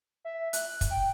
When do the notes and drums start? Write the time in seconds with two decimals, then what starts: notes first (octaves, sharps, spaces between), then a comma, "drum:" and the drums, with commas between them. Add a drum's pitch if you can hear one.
0.25 E5
0.53 F#6, drum: hi-hat
0.81 drum: kick, hi-hat
0.91 G5